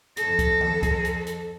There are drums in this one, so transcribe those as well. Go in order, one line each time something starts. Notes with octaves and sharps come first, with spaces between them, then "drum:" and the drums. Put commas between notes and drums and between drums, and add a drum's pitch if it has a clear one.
F2 A4 A#6, drum: hi-hat
drum: kick C#2, hi-hat
drum: tom D#3
drum: kick C#2, hi-hat
drum: hi-hat
drum: hi-hat